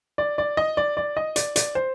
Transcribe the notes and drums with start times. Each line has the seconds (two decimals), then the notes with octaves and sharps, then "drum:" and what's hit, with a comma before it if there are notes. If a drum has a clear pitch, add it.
0.18 D5
0.38 D5
0.57 D#5
0.77 D5
0.97 D5
1.17 D#5
1.36 D5, drum: hi-hat
1.56 D5, drum: hi-hat
1.75 C5